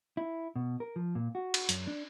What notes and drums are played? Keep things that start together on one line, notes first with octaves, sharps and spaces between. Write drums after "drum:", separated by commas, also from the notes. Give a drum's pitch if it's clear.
E4
B2
A#4
F3
A#2
F#4
drum: cymbal
F#2, drum: hi-hat
D4